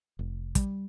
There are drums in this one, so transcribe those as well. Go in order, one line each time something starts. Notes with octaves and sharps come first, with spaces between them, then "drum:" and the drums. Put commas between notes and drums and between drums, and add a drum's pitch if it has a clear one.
F1
G3, drum: kick, hi-hat